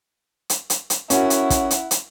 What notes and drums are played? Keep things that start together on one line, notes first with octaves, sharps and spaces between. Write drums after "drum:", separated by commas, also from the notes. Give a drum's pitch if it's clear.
drum: hi-hat
drum: hi-hat
drum: hi-hat
C#4 E4 F#4 A#4 F#5, drum: hi-hat
drum: hi-hat
drum: kick, hi-hat
drum: hi-hat
drum: hi-hat